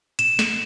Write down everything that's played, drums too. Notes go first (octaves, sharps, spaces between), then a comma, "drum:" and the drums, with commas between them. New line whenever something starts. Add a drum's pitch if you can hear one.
E7, drum: hi-hat
drum: snare